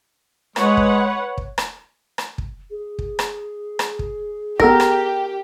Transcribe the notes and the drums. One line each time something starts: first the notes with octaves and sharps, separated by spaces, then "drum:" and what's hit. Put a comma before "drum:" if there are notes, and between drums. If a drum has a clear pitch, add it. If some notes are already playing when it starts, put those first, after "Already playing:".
G#3 B4 C#5 F#5, drum: rim click
drum: kick
drum: kick
drum: rim click
drum: rim click
drum: kick
G#4
drum: kick
drum: rim click
drum: rim click
drum: kick
B3 G4 A4 A#4 A#6, drum: kick
drum: rim click